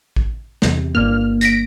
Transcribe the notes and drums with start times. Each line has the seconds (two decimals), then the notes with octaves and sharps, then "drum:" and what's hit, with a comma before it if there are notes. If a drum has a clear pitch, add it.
0.16 drum: kick A1
0.62 E2 C3, drum: snare
0.95 G1 G2 A#3 F6
1.41 A#6 B6 D7, drum: hi-hat